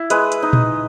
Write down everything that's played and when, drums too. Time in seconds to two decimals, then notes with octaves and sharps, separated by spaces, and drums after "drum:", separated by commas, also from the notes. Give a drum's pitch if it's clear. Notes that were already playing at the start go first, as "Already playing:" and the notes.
Already playing: E4
0.10 G#3 B4, drum: hi-hat
0.32 drum: hi-hat
0.43 D#4
0.53 drum: tom A#2